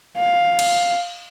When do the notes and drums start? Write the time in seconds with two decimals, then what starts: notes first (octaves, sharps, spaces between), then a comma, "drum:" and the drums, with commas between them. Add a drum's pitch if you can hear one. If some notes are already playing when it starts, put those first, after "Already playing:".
0.19 F5
0.59 drum: cymbal